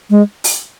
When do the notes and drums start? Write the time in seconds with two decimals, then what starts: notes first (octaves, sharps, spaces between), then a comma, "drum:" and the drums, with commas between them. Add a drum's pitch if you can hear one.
0.10 G#3
0.44 drum: open hi-hat